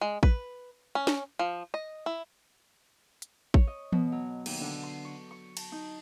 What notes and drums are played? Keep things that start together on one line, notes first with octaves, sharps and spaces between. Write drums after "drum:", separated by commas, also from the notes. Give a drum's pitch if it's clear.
G#3
B4, drum: kick A1
C#4
drum: snare
F3
D#5
E4
drum: hi-hat
C#5, drum: kick A1
D#5
B2, drum: tom E3
F#3
D#2, drum: cymbal
D3
C6
C#6
C#6
A5, drum: cymbal
D#4